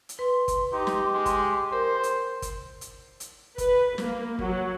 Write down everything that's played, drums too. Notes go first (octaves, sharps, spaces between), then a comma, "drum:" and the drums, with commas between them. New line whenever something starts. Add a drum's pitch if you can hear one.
drum: hi-hat
B4 C6
drum: kick, hi-hat
D#4 G4
drum: snare
G#3
drum: kick, hi-hat
A#4 C5
drum: hi-hat
drum: kick, hi-hat
drum: hi-hat
drum: hi-hat
B4, drum: kick, hi-hat
A#3, drum: snare
F#3, drum: kick